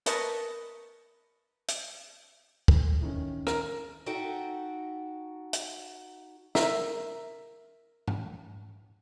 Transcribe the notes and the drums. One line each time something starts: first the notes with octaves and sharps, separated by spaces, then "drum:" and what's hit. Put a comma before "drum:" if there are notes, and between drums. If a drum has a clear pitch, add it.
A#4 B4 D#5 A5 C#6, drum: hi-hat
drum: hi-hat
drum: kick
A2 D#3 C#4
A#4, drum: rim click
D#4 F#4 A4 E5 F#5 G5
drum: hi-hat
A#4 E5, drum: snare
drum: tom G#2